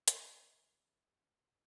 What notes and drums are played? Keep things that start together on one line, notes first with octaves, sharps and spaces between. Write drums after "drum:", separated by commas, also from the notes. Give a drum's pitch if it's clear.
C4 C5 D5 B5, drum: hi-hat